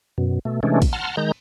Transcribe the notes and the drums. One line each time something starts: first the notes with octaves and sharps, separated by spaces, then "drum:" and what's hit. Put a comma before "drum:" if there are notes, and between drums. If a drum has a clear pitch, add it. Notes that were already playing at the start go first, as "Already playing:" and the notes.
F#2 B2
B2 A3
C3 E3 G#3 A3 C#4 D4
drum: kick, cymbal
F#5 A5 A#5 C6 F6
D#3 G#3 A#5 G6